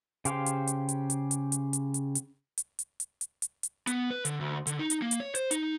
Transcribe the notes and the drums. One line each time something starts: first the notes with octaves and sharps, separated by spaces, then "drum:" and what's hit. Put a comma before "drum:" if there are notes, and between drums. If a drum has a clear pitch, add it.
C#3 G4 C5 F5, drum: hi-hat
drum: hi-hat
drum: hi-hat
drum: hi-hat
drum: hi-hat
drum: hi-hat
drum: hi-hat
drum: hi-hat
drum: hi-hat
drum: hi-hat
drum: hi-hat
drum: hi-hat
drum: hi-hat
drum: hi-hat
drum: hi-hat
drum: hi-hat
B3, drum: hi-hat
B4
D3, drum: hi-hat
D2
D3, drum: hi-hat
D#4
drum: hi-hat
A#3
drum: hi-hat
C#5
C5, drum: hi-hat
D#4, drum: hi-hat